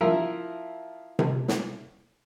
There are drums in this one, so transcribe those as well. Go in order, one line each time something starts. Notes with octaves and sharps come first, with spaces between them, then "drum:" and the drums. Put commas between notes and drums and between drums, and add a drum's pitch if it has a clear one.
F3 E4 A#4 E5
drum: tom C3
drum: snare